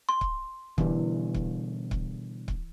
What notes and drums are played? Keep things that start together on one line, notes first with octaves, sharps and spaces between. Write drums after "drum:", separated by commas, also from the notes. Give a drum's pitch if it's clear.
C6
drum: kick C#1
B2 D3 E3 G3, drum: kick C#1
drum: kick C#1
drum: kick C#1
drum: kick C#1